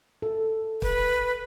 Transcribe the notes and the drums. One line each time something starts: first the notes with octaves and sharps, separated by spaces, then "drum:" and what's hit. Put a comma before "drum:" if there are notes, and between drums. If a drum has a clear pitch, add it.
A4
B4, drum: kick